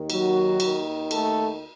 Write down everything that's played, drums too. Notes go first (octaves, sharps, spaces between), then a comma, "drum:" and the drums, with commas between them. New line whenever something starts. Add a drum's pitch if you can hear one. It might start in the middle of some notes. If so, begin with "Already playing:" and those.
Already playing: D#2 D#3
F#3 F#4, drum: cymbal
D#2 D#3, drum: cymbal
A3 A4, drum: cymbal